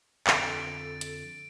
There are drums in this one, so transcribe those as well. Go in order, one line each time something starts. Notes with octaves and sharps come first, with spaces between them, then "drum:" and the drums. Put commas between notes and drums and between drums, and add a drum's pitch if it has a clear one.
F2 D3 A4 A6 D7, drum: clap
drum: hi-hat